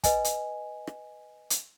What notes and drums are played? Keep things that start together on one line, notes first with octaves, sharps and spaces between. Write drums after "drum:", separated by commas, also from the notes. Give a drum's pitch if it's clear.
B4 D#5 G#5, drum: kick, hi-hat
drum: hi-hat
drum: rim click
drum: hi-hat